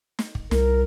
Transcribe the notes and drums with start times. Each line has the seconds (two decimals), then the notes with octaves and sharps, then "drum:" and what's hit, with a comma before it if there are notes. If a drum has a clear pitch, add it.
0.19 drum: snare
0.35 drum: kick
0.51 C2 A#4, drum: snare